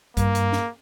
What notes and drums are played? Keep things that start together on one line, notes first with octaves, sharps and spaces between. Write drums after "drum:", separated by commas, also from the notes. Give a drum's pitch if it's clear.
G2 A#3, drum: kick, hi-hat
drum: hi-hat
drum: snare